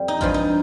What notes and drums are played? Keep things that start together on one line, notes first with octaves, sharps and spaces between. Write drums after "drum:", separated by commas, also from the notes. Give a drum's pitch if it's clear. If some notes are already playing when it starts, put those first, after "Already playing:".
Already playing: F2 G3
D#4
G2 F3 G#3 F4, drum: kick A1
D#4